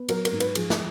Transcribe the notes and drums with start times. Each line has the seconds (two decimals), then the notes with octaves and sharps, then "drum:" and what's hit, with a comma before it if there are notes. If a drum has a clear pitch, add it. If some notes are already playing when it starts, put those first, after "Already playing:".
Already playing: B3
0.09 F#3 A#4, drum: cymbal
0.25 A#4, drum: cymbal
0.32 G#2
0.40 B4, drum: cymbal
0.55 F3 G#4, drum: cymbal
0.70 drum: snare